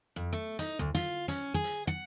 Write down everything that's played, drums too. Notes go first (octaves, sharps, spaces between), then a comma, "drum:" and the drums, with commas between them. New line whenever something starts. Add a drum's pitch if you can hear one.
F2
A3
D#4, drum: hi-hat
D2
F4, drum: hi-hat
C#4, drum: hi-hat
G#4
drum: hi-hat
F#5